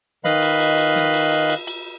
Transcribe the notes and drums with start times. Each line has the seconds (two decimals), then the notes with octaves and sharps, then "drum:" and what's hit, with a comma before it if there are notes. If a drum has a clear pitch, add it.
0.24 D#3 B4 D#5 F5 B5, drum: snare
0.42 drum: cymbal
0.60 drum: cymbal
0.78 drum: cymbal
0.96 drum: snare
1.14 drum: cymbal
1.32 drum: cymbal
1.49 drum: cymbal
1.67 drum: cymbal